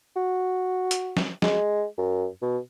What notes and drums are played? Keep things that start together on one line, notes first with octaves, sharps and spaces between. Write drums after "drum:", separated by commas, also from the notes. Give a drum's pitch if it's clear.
F#4
drum: hi-hat
drum: snare
G#3, drum: snare
F#2
B2